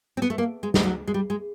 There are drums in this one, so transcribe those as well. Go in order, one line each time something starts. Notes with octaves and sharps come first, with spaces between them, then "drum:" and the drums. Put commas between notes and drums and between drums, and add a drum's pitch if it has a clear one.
C4
B3
A3
A#3
G#3
G3, drum: snare
F#3
G#3
G3
G#3